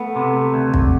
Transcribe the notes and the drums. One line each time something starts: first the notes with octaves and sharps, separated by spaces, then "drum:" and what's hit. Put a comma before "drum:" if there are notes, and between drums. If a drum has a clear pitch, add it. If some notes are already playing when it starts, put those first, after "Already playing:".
Already playing: A3 B3
C3
D2
drum: kick